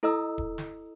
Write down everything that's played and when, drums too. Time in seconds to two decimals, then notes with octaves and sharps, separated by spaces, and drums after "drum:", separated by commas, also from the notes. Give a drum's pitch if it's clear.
0.03 E4 A4 D#5 A#5 D#6 E6
0.38 drum: kick D#1
0.58 drum: snare